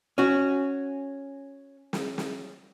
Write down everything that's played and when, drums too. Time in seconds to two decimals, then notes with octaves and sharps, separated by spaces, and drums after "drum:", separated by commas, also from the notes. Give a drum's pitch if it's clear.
0.18 C#4 F#4
1.93 drum: snare
2.18 drum: snare